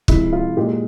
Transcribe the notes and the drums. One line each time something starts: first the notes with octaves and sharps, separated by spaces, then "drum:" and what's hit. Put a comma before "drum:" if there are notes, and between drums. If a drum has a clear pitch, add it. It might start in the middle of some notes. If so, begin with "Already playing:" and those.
C3 F3 G#3 E4, drum: kick
F4
A#2 G#3 G4